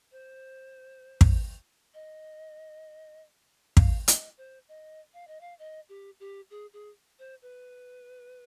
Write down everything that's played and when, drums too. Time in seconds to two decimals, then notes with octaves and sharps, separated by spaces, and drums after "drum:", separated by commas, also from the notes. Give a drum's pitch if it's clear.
0.12 C5
1.21 drum: kick
1.94 D#5
3.77 F5, drum: kick
4.08 D#5, drum: hi-hat
4.38 C5
4.68 D#5
5.14 F5
5.27 D#5
5.41 F5
5.59 D#5
5.89 G4
6.20 G4
6.50 G#4
6.73 G#4
7.19 C5
7.42 B4